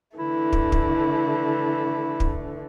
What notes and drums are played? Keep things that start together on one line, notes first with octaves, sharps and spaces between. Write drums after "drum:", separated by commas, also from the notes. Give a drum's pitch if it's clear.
D3 E3 A3 E4
drum: kick
drum: kick
drum: kick